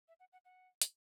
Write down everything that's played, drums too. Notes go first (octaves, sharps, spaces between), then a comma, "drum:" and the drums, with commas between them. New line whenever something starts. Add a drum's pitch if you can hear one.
E5
F#5
F#5
F#5
drum: hi-hat